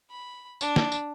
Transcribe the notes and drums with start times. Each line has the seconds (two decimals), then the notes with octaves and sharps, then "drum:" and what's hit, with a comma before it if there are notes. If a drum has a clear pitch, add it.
0.10 B5
0.61 D4, drum: tambourine
0.76 drum: snare
0.92 drum: tambourine